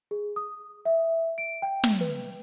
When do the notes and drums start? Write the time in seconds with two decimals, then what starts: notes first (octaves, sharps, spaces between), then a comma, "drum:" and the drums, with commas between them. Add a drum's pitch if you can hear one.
0.11 G#4
0.36 D#6
0.85 E5
1.38 D7
1.62 G5
1.84 drum: snare
2.01 B4